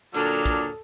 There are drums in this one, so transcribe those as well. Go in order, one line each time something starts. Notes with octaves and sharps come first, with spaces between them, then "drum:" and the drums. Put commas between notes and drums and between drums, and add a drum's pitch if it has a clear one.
A#2 D3 F#3 D4 A4 D5 D#6 F6, drum: hi-hat
drum: kick, hi-hat